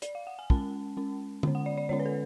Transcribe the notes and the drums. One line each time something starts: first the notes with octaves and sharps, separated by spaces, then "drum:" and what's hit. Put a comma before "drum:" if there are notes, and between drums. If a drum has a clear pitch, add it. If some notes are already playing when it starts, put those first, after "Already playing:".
D5, drum: hi-hat
F5
F#5
G#5
G#3 C#4 A5, drum: kick
G#3 C#4
D3 G#3 C#4, drum: tom
F#5
D5
D5
D3 G#3 C#4 C#5
B4
A4